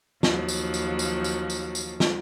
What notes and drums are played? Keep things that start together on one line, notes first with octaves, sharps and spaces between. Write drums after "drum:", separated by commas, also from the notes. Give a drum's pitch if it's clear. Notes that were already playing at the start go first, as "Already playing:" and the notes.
D#2 F3 F#3, drum: snare
drum: tambourine
drum: tambourine
drum: tambourine
drum: tambourine
drum: tambourine
drum: tambourine
drum: snare